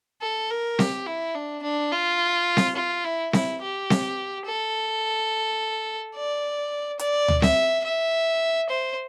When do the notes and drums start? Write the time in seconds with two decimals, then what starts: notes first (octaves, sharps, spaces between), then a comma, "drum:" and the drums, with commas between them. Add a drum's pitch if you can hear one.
0.21 A4
0.50 A#4
0.79 G4, drum: snare C4
1.07 E4
1.35 D4
1.63 D4
1.92 F4
2.57 drum: snare C4
2.76 F4
3.04 E4
3.33 E4, drum: snare C4
3.61 G4
3.90 drum: snare C4
4.46 A4
6.15 D5
6.99 D5, drum: hi-hat
7.28 drum: tom D2
7.42 E5, drum: snare C4
7.85 E5
8.69 C5